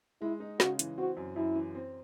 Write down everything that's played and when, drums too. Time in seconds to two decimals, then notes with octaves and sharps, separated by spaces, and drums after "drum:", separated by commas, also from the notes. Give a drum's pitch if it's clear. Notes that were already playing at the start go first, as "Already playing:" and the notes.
0.22 G#3 E4
0.40 D#4
0.60 C#3 F#4, drum: snare
0.79 E3, drum: hi-hat
0.98 C4 F#4
1.17 F#2
1.36 F#2 E4
1.55 E3
1.75 C4